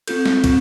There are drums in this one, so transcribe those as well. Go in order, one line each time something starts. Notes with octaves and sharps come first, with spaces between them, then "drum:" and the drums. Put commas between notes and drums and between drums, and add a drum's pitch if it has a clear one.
C4 F4 A4 G6, drum: cymbal
drum: snare
C4 F4, drum: kick, cymbal